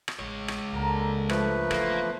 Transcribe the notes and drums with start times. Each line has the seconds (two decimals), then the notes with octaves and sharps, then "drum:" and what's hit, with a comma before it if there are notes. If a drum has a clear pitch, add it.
0.08 drum: rim click
0.19 A1 G#3 C#5
0.48 drum: rim click
0.73 C#2 D3 A#3 A#5
1.29 F3 A3 B4, drum: rim click
1.71 E3 A#3 B3 C6 C#6, drum: rim click